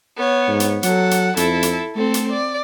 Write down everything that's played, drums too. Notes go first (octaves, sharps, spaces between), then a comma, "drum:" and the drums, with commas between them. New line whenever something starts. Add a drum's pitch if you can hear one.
B3 C#5
G#2
drum: hi-hat
F#3 A4 F#5, drum: hi-hat
drum: hi-hat
F2 E4 A4, drum: hi-hat
drum: hi-hat
A3 C4 A4
drum: hi-hat
D5